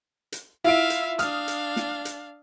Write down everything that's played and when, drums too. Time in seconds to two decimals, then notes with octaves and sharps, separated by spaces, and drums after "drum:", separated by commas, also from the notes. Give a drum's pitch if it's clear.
0.32 drum: hi-hat
0.64 E4 F4 E5 F5 D7
0.90 drum: hi-hat
1.19 D4 F5 D#6 F6, drum: hi-hat
1.48 drum: hi-hat
1.76 drum: snare
2.05 drum: hi-hat